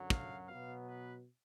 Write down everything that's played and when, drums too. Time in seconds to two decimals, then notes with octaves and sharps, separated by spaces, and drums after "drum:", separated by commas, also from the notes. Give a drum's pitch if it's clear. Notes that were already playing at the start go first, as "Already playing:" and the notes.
Already playing: F#2 D3 F#3
0.10 F5, drum: kick
0.48 B2 F#3 B3 F5
0.88 B4